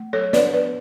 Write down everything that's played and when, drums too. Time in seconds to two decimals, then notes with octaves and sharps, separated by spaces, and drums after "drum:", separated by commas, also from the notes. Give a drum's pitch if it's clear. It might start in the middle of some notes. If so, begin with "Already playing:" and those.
Already playing: A3
0.13 F#3 A4 C#5
0.33 D4 B4 D5, drum: snare
0.53 B3 B4 D5